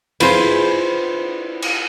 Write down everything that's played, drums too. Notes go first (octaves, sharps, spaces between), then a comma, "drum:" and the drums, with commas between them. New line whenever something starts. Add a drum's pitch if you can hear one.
E4 F4 G#4 B4 C5, drum: cymbal
drum: cymbal